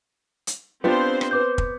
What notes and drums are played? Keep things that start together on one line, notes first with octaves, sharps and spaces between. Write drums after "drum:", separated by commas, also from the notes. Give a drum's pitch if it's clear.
drum: hi-hat
B3 C4 D4 F4 G4 C5
drum: rim click
B4 D6 G6
drum: kick